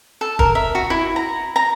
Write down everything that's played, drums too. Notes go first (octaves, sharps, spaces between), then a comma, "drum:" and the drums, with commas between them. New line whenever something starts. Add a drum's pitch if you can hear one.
A4
A#4, drum: kick
E5
F#4
E4
A#5
A#5